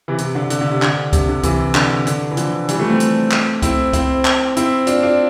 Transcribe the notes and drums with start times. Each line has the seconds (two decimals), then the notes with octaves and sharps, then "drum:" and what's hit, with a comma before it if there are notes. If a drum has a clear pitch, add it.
0.08 C3 E3
0.18 C3, drum: hi-hat
0.35 D3
0.50 D3, drum: hi-hat
0.61 D3
0.71 C3
0.82 D3, drum: clap
1.13 C3, drum: kick C#2, hi-hat
1.29 D3
1.43 C3 E3, drum: kick C#2, hi-hat
1.75 D3, drum: clap
2.07 D3, drum: hi-hat
2.31 E3
2.37 D3 F3, drum: hi-hat
2.69 E3 G3, drum: hi-hat
2.79 F3 A3
2.89 A3 C4
3.00 drum: hi-hat
3.31 drum: clap
3.62 C4 E4, drum: kick C#2, hi-hat
3.93 C4 E4, drum: kick C#2, hi-hat
4.25 drum: clap
4.57 C4 E4, drum: hi-hat
4.87 D4 F4, drum: hi-hat
5.03 D4 F4